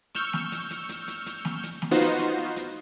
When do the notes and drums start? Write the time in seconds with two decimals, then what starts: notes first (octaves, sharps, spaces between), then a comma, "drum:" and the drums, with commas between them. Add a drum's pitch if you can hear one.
0.15 C#6 E6 F6 G6, drum: hi-hat
0.33 drum: snare
0.52 drum: hi-hat
0.70 drum: hi-hat
0.89 drum: hi-hat
1.08 drum: hi-hat
1.26 drum: hi-hat
1.45 drum: snare
1.63 drum: hi-hat
1.82 drum: snare
1.91 B3 D#4 F4 F#4 C5
2.00 drum: hi-hat
2.19 drum: hi-hat
2.56 drum: hi-hat